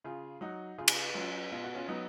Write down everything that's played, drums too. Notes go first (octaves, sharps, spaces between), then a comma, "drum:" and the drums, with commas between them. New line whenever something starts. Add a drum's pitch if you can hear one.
C#3 F4 G#4
F#3 D#4 F#4
C#3 F4 G#4
drum: cymbal
F#3 C#4 F4
B2 F4
F#4
C#4 F4
F#3 B3 D#4